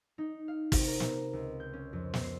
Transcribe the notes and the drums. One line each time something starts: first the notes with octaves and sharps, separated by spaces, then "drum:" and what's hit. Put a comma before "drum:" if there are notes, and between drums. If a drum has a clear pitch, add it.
D#4
F5
C3, drum: kick, open hi-hat
A#4
drum: snare
C#2
G6
C#4
F2
drum: snare
C7